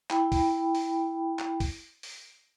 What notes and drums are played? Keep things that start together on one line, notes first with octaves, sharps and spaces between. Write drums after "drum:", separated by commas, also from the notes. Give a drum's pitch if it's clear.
E4 G5 B5, drum: clap
drum: kick C2, open hi-hat
drum: open hi-hat
drum: clap
drum: kick C2, open hi-hat
drum: open hi-hat